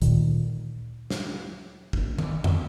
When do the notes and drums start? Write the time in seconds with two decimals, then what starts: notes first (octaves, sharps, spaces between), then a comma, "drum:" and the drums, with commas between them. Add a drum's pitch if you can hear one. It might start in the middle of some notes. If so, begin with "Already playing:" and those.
0.02 D2 A#2 D#3, drum: hi-hat
1.10 drum: snare
1.93 drum: kick
2.18 drum: tom D#3
2.44 drum: tom F2